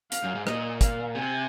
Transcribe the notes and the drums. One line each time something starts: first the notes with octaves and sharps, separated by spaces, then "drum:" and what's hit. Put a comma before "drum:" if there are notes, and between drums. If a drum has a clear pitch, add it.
F5, drum: hi-hat
F#2
G#2
A#2 D#5, drum: rim click
F5, drum: kick, hi-hat
C3 G#5